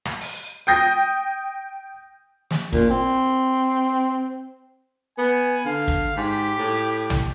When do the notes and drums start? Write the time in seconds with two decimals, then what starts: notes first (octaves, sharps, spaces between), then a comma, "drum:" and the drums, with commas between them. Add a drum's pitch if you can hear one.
0.05 drum: rim click
0.21 drum: open hi-hat
0.67 G5 D#6 G6 A#6
2.51 drum: snare
2.73 A#2, drum: kick
2.90 C4
5.18 B3 G#5
5.65 D3 F5
5.88 drum: kick
6.17 G#2 G4
6.58 A2
7.10 drum: tom A#1